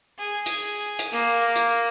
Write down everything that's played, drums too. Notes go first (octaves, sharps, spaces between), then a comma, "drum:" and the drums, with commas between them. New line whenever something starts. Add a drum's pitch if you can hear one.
G#4
drum: hi-hat
drum: hi-hat
A#3
drum: hi-hat